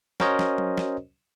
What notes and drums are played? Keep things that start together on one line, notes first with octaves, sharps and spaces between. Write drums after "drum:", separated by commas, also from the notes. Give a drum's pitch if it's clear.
C#4 F#4 A#4 C5 C#5 D#5, drum: snare
drum: snare
drum: tom F#3
drum: snare